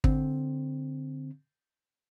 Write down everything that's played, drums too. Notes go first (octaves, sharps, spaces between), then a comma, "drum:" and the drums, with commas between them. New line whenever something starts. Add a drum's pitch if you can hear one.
D3 C4, drum: kick